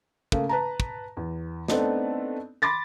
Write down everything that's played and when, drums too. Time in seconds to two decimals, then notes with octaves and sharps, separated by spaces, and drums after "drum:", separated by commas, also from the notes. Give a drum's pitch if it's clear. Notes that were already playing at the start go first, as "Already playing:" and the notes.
0.32 C#3 A3 A#3, drum: kick
0.49 B4 A5 A#5
0.80 drum: kick
1.17 E2
1.68 A3 B3 C4 D4 D#4, drum: snare
2.62 B5 C6 D6 A6 A#6